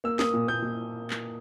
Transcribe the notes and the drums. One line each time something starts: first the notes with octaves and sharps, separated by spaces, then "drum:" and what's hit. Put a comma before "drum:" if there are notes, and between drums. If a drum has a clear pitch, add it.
A#3 E6
A#3 D#6, drum: snare
A#2
A#3 G6
A#2
drum: clap